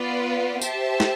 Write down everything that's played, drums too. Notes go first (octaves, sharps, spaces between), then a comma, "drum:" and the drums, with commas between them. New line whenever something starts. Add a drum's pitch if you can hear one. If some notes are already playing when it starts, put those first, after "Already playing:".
Already playing: B3 F4 B4 D5
G4 C5 E5 A5, drum: tambourine
drum: snare